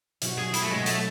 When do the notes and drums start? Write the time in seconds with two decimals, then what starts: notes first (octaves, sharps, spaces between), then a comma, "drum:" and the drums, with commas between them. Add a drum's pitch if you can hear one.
0.22 B2 F#3 C#4 F#4 C#5, drum: hi-hat
0.38 G#4
0.54 E4, drum: hi-hat
0.63 A3
0.70 B2 F#3 G#3 C#4 F#4 C#5
0.86 A3, drum: hi-hat